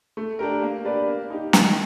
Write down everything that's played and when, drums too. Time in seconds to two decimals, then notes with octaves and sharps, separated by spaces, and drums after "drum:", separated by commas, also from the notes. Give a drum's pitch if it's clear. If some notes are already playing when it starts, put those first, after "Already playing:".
0.17 A3
0.39 D4 G4 A#4
0.62 A#3
0.85 D4 G4 B4 D5
1.08 A#3
1.30 D#4 G4
1.53 D#3, drum: snare